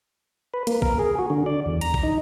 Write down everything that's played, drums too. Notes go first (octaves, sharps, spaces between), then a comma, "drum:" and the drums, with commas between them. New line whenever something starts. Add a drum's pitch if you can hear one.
B4
A#3, drum: hi-hat
A#4, drum: kick
G#4
F#4
D3
D5
E2
A#5, drum: hi-hat
drum: kick
D#4